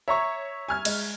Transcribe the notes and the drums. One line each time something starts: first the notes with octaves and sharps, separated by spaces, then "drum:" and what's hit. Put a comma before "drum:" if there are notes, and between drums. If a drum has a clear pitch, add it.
C#5 E5 A#5 C#6
G#5 F6 G#6
G#3, drum: cymbal